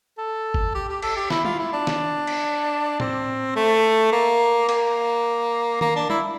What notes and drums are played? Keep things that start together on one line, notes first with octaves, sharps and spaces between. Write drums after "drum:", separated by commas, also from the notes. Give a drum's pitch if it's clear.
A4
drum: kick G1
G4
G4
A4, drum: cymbal
G4
E4, drum: snare
F4, drum: tom G3
E4
D4
drum: snare
drum: cymbal
C4, drum: tom A2
A3
A#3
A#3, drum: cymbal
A#3, drum: tom D#3
D4
E4, drum: tom G3